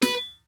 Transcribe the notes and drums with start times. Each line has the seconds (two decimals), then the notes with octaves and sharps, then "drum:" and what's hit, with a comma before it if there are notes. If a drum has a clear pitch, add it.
0.02 B4, drum: snare